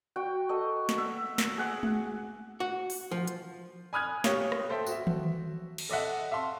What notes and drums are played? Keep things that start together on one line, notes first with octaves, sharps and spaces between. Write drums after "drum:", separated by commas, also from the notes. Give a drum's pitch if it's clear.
F#4 G5
A4 D#5
drum: snare
E5
drum: snare
G#4 F#5 D6
drum: tom G#3
F#4
drum: open hi-hat
F3
drum: hi-hat
G#5 B5 D#6 F6 F#6 G#6
G4 C#5 F5, drum: snare
drum: rim click
A4 C5 E5 G5
F#4 E5, drum: tambourine
drum: tom D#3
drum: cymbal
A4 D#5 E5 F#5
E5 F5 A5 C6